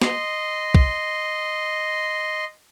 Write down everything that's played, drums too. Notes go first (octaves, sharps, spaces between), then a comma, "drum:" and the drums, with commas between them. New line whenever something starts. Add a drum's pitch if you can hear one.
D#5 C6, drum: snare
drum: kick